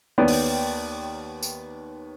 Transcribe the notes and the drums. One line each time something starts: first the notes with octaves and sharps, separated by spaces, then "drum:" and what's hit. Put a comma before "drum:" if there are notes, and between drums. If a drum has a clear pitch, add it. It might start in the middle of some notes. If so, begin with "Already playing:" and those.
D#2 D#3 B3 C#5 D5 G5
drum: open hi-hat
drum: tambourine